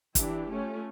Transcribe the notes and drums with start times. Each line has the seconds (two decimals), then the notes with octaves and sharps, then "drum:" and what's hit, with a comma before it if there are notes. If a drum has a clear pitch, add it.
0.15 E3 D4 E4 G4, drum: kick, hi-hat
0.51 A3 C#4 F4